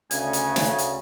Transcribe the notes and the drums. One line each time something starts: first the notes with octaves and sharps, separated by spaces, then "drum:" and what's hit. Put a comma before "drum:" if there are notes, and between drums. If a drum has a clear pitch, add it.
D2 C#3 G#5, drum: hi-hat
drum: hi-hat
drum: snare
drum: hi-hat